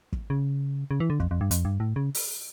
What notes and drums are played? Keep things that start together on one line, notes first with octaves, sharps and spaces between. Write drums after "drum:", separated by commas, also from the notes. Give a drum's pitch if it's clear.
drum: kick
C#3
C#3
E3
D3
F2, drum: kick
F2
G2
F2, drum: hi-hat
G2
A2
C#3
drum: open hi-hat